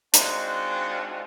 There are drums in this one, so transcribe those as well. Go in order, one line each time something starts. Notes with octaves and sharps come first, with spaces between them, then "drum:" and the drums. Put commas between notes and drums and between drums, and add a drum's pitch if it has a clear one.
G#3 C4 D4 D#4 F4 F#4, drum: hi-hat